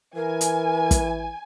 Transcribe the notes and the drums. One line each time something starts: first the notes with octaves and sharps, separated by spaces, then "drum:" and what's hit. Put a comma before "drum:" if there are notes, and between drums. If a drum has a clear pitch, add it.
E3 A#4 G#5
drum: hi-hat
drum: kick, hi-hat